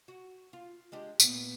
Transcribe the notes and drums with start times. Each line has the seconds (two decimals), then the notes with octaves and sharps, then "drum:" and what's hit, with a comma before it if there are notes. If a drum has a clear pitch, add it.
0.08 F#4
0.53 F4
0.92 G#3 D4 G4
1.20 A#2 B3, drum: tambourine